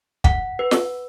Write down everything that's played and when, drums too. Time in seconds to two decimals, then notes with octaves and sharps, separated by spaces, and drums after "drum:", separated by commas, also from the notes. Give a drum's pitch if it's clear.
0.24 F#5, drum: kick
0.59 B4
0.71 drum: snare